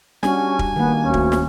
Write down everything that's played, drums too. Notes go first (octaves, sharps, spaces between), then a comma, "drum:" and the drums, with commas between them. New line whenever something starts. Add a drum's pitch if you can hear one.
G3 C#4 D4 F#4 G#5, drum: snare
drum: kick
D#3 A#3 B3
D2 C#4
drum: kick
drum: snare